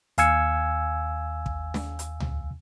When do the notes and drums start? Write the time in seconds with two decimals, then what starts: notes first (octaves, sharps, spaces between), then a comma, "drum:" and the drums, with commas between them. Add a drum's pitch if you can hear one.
0.18 D#2 F5 G#5 E6 G#6 C#7, drum: hi-hat
1.46 drum: kick
1.74 drum: snare
1.99 drum: hi-hat
2.20 drum: tom C#2